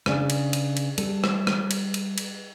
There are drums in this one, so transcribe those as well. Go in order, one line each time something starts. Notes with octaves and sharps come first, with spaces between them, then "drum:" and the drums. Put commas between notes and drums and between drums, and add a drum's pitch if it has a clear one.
C#3 D4, drum: rim click
drum: cymbal
drum: cymbal
drum: cymbal
G3 A4, drum: cymbal
drum: rim click
drum: rim click
drum: cymbal
drum: cymbal
drum: cymbal